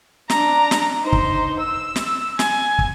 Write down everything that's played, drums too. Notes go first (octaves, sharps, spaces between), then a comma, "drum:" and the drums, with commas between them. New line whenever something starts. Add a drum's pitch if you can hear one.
D4 A#5, drum: snare
drum: snare
D#4 C5
drum: kick
E6
drum: snare
G#5, drum: snare
drum: kick